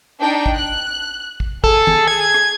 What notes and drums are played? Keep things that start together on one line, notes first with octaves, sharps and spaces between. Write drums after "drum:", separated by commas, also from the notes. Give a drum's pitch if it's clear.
D4 D#4 G5
drum: kick
F#6
drum: kick
G#4 A4, drum: kick
drum: tom
G#6
drum: rim click